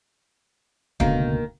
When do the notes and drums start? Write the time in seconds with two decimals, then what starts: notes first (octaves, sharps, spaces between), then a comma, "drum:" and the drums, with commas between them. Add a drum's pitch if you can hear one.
1.00 C#2 B2 D3 D#3 A#3, drum: kick